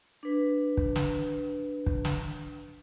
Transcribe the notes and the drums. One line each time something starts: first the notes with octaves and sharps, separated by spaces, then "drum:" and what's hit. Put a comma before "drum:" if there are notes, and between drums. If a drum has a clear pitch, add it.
D4 B4
drum: kick
drum: snare
drum: kick
drum: snare